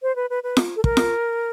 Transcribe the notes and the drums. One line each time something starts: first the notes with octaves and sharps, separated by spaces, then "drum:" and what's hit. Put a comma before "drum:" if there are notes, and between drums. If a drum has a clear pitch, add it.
C5
B4
B4
B4
drum: snare F4
A4
A#4, drum: kick
drum: snare F4